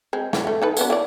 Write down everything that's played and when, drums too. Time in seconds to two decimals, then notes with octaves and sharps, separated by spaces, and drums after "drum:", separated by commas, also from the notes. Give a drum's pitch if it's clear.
0.13 G#3 C4
0.33 E3 F#3, drum: snare
0.47 A3
0.62 D#4 A4 B4
0.77 F#3 B3 D4, drum: tambourine
0.90 E3 D5